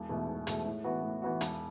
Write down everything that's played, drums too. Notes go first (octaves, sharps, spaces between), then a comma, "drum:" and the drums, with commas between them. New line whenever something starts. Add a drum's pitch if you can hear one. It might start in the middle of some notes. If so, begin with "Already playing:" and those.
Already playing: E1
E2 B2 A3
E1
E2 B2 A3, drum: hi-hat
A2
E3 B3 F#4
A2
E3 B3 F#4
E1, drum: hi-hat